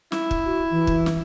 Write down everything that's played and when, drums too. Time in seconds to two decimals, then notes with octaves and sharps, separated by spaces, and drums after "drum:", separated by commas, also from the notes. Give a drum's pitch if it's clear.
0.12 E4, drum: snare
0.31 drum: kick
0.46 F#4
0.71 E3
0.87 drum: kick
1.06 drum: snare